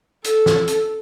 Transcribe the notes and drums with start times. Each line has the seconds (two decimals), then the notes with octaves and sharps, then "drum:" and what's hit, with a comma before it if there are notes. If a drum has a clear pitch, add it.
0.24 A4, drum: hi-hat
0.46 drum: snare
0.68 drum: hi-hat